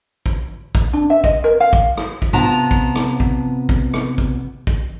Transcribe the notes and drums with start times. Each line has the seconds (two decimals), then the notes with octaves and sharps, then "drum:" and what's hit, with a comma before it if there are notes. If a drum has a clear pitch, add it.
0.26 drum: kick
0.75 drum: kick
0.93 D4
1.10 E5
1.24 D#5, drum: kick
1.44 A#4
1.60 F5
1.73 drum: kick
1.97 drum: rim click
2.22 drum: kick
2.33 C3 B3 F4 F#5 A5 A#5
2.71 drum: kick
2.95 drum: rim click
3.20 drum: kick
3.69 drum: kick
3.94 drum: rim click
4.18 drum: kick
4.67 drum: kick